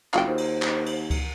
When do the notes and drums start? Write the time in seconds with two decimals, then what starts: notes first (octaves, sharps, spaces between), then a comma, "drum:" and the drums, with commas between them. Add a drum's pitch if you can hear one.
0.13 F#1 F4 F#4 G5, drum: clap
0.27 D#2 C5
0.38 drum: cymbal
0.62 drum: clap
0.86 drum: cymbal
1.10 drum: kick C#2, cymbal